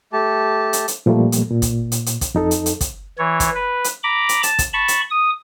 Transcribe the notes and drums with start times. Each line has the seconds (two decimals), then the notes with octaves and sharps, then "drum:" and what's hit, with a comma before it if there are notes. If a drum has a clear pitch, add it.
0.13 A3 G4 A5
0.73 drum: hi-hat
0.88 drum: hi-hat
1.06 A#2 F3 G3 A3 A#3
1.32 drum: hi-hat
1.51 A#2
1.62 drum: kick, hi-hat
1.92 drum: hi-hat
2.06 drum: hi-hat
2.21 drum: kick, hi-hat
2.35 F2 D#4 A4
2.51 drum: hi-hat
2.66 drum: hi-hat
2.81 drum: kick, hi-hat
3.18 E3 C#5
3.40 drum: kick, hi-hat
3.54 B4
3.84 drum: hi-hat
4.04 A#5 B5 D6
4.29 drum: hi-hat
4.43 A5, drum: hi-hat
4.59 drum: kick, hi-hat
4.73 A5 B5 C#6
4.88 drum: hi-hat
5.10 D#6